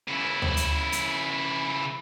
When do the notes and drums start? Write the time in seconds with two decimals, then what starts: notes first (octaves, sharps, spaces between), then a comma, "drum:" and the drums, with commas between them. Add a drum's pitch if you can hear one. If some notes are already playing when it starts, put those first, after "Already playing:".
0.08 C#3 E4
0.42 drum: tom D2
0.57 drum: hi-hat
0.92 drum: hi-hat